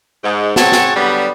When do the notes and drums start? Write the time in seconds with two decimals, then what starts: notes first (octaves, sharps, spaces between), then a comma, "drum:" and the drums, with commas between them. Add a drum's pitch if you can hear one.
0.23 G#2
0.56 C4 G#4 C#5 F#5 A5, drum: snare
0.72 drum: snare
0.96 D3 F#3 G3 B3